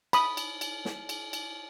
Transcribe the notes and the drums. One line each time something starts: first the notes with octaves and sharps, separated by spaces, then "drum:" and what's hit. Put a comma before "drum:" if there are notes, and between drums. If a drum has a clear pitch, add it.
B5 D#6, drum: cymbal
drum: cymbal
drum: cymbal
drum: snare
drum: cymbal
drum: cymbal